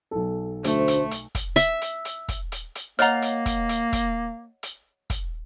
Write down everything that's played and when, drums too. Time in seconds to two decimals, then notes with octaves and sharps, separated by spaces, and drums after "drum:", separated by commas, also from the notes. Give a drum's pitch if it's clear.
0.11 B1 A4
0.64 D2 A3 C5, drum: hi-hat
0.88 drum: hi-hat
1.11 drum: hi-hat
1.35 drum: kick, hi-hat
1.56 E5, drum: hi-hat
1.82 drum: hi-hat
2.05 drum: hi-hat
2.28 drum: kick, hi-hat
2.52 drum: hi-hat
2.75 drum: hi-hat
2.99 A#3 C#5 D#5 F#5 A#5 F6, drum: hi-hat
3.22 drum: hi-hat
3.46 drum: kick, hi-hat
3.69 drum: hi-hat
3.93 drum: kick, hi-hat
4.63 drum: hi-hat
5.10 drum: kick, hi-hat